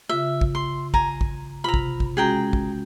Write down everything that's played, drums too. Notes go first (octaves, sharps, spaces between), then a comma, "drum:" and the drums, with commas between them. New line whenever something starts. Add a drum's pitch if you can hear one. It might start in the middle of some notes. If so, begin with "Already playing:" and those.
C#3 F4 E5
drum: kick
C6
G#5 A#5, drum: kick
drum: kick
C3 F4 A#5 B5
drum: kick
drum: kick
G#3 C#4 F#4 G#4 G5 A#5
drum: kick